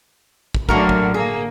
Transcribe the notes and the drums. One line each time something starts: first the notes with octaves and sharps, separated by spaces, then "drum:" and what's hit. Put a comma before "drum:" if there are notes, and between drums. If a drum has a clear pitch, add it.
drum: kick
A2 D3 F#3 A#3 F#4 A#4, drum: kick
drum: kick
A#3 G#4